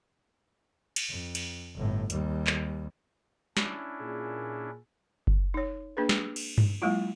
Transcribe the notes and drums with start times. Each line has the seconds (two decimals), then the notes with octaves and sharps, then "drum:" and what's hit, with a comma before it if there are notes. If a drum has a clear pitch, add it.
0.96 drum: cymbal
1.09 F2
1.35 drum: cymbal
1.75 G1 A2
2.10 D#2 G3, drum: hi-hat
2.47 drum: clap
3.57 C#4 D4 E4, drum: snare
4.00 A#2 G#4
5.27 drum: kick F#1
5.54 D#4 C#5
5.97 A#3 D4 G#4 B4
6.09 drum: snare
6.36 drum: cymbal
6.58 drum: tom G2
6.82 F#3 G#3 A#3 E4 F4